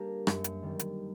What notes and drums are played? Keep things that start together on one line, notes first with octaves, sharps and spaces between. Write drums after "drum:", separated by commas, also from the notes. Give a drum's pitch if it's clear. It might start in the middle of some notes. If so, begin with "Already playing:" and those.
Already playing: G3 A#3 D4 G4 A#4
F#2, drum: rim click
drum: hi-hat
D#3 G3 C4
drum: hi-hat